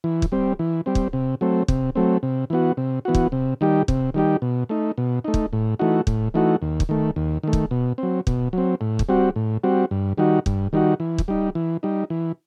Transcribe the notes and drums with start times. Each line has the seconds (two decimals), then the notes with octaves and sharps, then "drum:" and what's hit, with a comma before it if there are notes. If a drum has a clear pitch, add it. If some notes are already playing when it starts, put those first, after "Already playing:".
0.04 E3
0.22 drum: kick
0.32 G3 C4
0.59 E3
0.86 G3 C4
0.95 drum: kick
1.13 C3
1.41 F#3 A3 C4
1.68 C3, drum: kick
1.95 F#3 A3 C4
2.23 C3
2.50 E3 B3 F#4
2.77 C3
3.05 E3 B3 F#4
3.15 drum: kick
3.32 C3
3.61 D#3 G3 D#4 G4
3.88 C3, drum: kick
4.14 D#3 G3 D#4 G4
4.42 B2
4.69 A3 D#4
4.98 B2
5.24 A3 D#4
5.34 drum: kick
5.53 A2
5.79 E3 A3 D#4 F#4
6.07 A2, drum: kick
6.34 E3 A3 D#4 F#4
6.62 D#2
6.80 drum: kick
6.89 D#3 A3
7.16 D#2
7.43 D#3 A3
7.53 drum: kick
7.71 B2
7.98 F#3 C4
8.27 B2, drum: kick
8.53 F#3 C4
8.81 A2
8.99 drum: kick
9.09 G3 C4 F#4
9.36 A2
9.64 G3 C4 F#4
9.91 G2
10.18 D#3 G3 D#4 F#4
10.46 G2, drum: kick
10.73 D#3 G3 D#4 F#4
11.00 E3
11.18 drum: kick
11.28 G3 D#4
11.55 E3
11.83 G3 D#4
12.10 E3